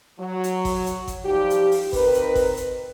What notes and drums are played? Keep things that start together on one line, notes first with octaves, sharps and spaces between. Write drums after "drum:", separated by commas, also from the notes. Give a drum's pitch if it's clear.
F#3
drum: hi-hat
drum: kick G#1, open hi-hat
drum: hi-hat
drum: kick G#1, hi-hat
F3 G3 D#4 G4
drum: hi-hat
drum: open hi-hat
D#3 C4 A#4 B4, drum: kick G#1, open hi-hat
drum: hi-hat
drum: kick G#1, open hi-hat
drum: hi-hat